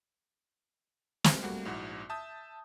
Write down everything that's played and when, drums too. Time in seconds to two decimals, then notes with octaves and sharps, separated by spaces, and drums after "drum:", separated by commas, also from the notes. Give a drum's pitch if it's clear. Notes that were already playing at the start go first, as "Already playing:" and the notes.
1.24 B2 G#3, drum: snare
1.43 G3 A3 A#3 F#4
1.65 A#1 G#2 E4 F#4
2.09 E5 A5 D#6 G6